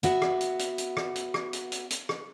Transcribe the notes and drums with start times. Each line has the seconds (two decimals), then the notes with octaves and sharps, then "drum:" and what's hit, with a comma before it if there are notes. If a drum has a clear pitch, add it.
0.03 B3 F#4 E5, drum: hi-hat
0.22 drum: rim click
0.41 drum: hi-hat
0.59 drum: hi-hat
0.78 drum: hi-hat
0.97 drum: rim click
1.15 drum: hi-hat
1.34 drum: rim click
1.53 drum: hi-hat
1.72 drum: hi-hat
1.90 drum: hi-hat
2.09 drum: rim click